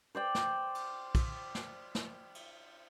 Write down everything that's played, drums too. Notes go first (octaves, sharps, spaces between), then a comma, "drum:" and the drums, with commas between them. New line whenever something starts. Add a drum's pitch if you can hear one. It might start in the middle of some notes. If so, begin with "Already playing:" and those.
C5 D5 G5
drum: snare
drum: cymbal
drum: kick, cymbal
drum: snare
drum: snare
drum: cymbal